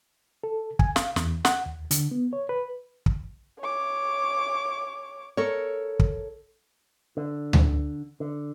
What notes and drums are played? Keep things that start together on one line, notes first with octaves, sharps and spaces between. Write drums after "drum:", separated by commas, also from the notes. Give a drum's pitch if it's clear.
A4
G#5, drum: kick
F5, drum: snare
E2, drum: snare
F#5, drum: snare
D#2
D3, drum: hi-hat
B3
C#5
B4
drum: kick
C#5 D6
A4 A#4 C#5
drum: kick
D3
drum: tom D2
D3